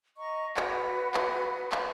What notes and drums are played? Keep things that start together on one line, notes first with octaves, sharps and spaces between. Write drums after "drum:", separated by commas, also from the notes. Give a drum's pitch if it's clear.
D#5 A#5 C#6
F#4 B4, drum: clap
drum: clap
drum: clap